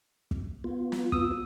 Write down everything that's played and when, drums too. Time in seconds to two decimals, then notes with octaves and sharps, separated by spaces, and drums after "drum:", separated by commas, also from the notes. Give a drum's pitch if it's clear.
0.31 drum: kick
0.64 B3 F4
0.92 drum: snare
1.12 D#6 E6, drum: kick